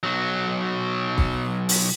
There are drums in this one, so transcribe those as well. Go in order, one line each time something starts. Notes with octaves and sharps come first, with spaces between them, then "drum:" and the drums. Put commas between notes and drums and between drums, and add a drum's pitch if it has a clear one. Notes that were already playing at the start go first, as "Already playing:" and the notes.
B1 F#3
drum: kick
drum: open hi-hat